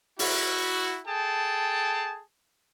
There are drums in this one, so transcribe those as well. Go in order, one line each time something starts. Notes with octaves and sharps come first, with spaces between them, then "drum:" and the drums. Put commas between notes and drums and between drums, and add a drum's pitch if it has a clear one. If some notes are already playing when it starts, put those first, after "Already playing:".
E4 F#4, drum: open hi-hat
G#4 A4 G5 A5